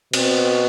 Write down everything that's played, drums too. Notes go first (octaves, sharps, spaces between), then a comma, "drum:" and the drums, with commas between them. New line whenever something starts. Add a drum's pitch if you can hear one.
B2 C4, drum: cymbal